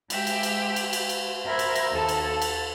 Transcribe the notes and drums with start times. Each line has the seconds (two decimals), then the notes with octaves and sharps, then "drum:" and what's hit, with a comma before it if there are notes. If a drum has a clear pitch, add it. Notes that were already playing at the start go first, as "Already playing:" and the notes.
0.10 G#3 G4 E5, drum: cymbal
0.27 drum: cymbal
0.43 drum: cymbal
0.76 drum: cymbal
0.93 drum: cymbal
1.09 drum: cymbal
1.46 A#4 C5 E5 B5 G#6 A#6
1.59 drum: cymbal
1.75 drum: cymbal
1.91 D#2 A4 A5 G#6
2.09 drum: cymbal
2.29 A6
2.42 drum: cymbal